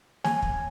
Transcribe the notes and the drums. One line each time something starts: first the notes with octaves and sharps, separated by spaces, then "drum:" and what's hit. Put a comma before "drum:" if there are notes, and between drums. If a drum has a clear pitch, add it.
G#5, drum: snare
drum: kick